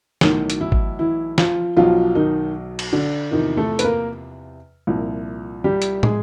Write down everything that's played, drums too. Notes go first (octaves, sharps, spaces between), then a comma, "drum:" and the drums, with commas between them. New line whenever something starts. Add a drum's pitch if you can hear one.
B1 A2 D#3 F#3 D#4, drum: snare
drum: hi-hat
E3 E4
drum: kick
E3 E4
F3 F4, drum: snare
B1 B2 F3 F#3 F4
D#3 D#4
drum: cymbal
D3 D4
E2 C3 D#3 F3 D#4
A3 A4
B4, drum: hi-hat
A#3 A#4
C2 A#2 F3
G3 G4
drum: hi-hat
G#3 G#4, drum: tom